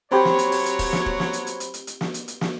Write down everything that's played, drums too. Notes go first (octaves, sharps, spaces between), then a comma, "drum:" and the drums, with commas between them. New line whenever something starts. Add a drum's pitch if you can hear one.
F#3 C4 G4 C5 C#5 B5 C6
drum: snare
drum: hi-hat
drum: open hi-hat
drum: hi-hat
drum: kick E1, open hi-hat
drum: snare
drum: kick E1
drum: snare
drum: hi-hat
drum: hi-hat
drum: hi-hat
drum: hi-hat
drum: hi-hat
drum: snare
drum: hi-hat
drum: hi-hat
drum: snare